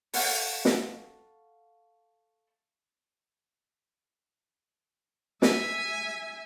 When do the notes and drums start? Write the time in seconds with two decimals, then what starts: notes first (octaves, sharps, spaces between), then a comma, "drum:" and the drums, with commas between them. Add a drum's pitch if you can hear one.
0.13 A4 C#5 F5 F#5, drum: open hi-hat
0.65 drum: snare
5.42 E5 G#5, drum: snare